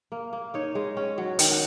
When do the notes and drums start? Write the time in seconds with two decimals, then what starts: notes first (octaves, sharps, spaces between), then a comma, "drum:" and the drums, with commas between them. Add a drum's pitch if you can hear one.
0.12 A#3
0.33 A#3
0.54 D#4 C#5
0.75 G#3
0.97 C#4
1.18 F#3
1.39 D#3 D#5, drum: hi-hat
1.51 F#5